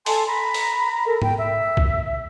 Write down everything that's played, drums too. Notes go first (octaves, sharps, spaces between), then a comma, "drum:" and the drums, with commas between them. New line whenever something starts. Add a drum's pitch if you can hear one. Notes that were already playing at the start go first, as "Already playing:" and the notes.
A4 G#5 A5 C6, drum: open hi-hat
A#5 B5
drum: open hi-hat
A4 A#4
G5, drum: tom G#2
E5
drum: kick